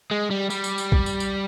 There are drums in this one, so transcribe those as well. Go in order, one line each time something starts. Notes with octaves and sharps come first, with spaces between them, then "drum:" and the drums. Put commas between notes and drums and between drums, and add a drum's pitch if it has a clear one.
G#3
G3
G3, drum: tambourine
drum: tambourine
drum: tambourine
drum: kick
drum: tambourine
drum: tambourine